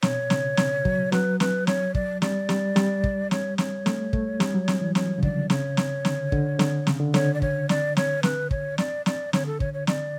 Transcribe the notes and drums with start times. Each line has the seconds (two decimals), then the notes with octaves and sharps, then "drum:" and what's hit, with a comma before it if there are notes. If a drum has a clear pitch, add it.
0.02 B2 C#5, drum: snare
0.30 C#3, drum: snare
0.57 C#3, drum: snare
0.85 F#3, drum: kick
1.12 F#3 B4, drum: snare
1.40 B4, drum: snare
1.67 C#5, drum: snare
1.95 D5, drum: kick
2.22 G3 D5, drum: snare
2.49 G3, drum: snare
2.76 G3, drum: snare
3.04 drum: kick
3.31 C#5, drum: snare
3.58 C#5, drum: snare
3.86 A3, drum: snare
4.13 A3, drum: kick
4.40 G3, drum: snare
4.54 F#3
4.68 drum: snare
4.81 E3
4.95 F#3 C#5, drum: snare
5.18 C#3
5.23 D3 D5, drum: kick
5.50 C#3 C#5, drum: snare
5.77 drum: snare
6.05 D3, drum: snare
6.32 D3, drum: kick
6.59 D3, drum: snare
6.87 C#3, drum: snare
7.00 D3
7.14 D3 C#5, drum: snare
7.34 D5
7.42 C#5, drum: kick
7.69 D5, drum: snare
7.97 C#5, drum: snare
8.23 B4, drum: snare
8.51 C#5, drum: kick
8.78 D5, drum: snare
9.06 D5, drum: snare
9.33 D3 C#5, drum: snare
9.46 A4
9.60 C#5, drum: kick
9.74 C#5
9.87 D5, drum: snare